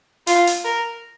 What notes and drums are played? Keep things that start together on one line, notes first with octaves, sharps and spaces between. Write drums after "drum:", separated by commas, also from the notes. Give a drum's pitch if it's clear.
F4, drum: hi-hat
drum: hi-hat
A#4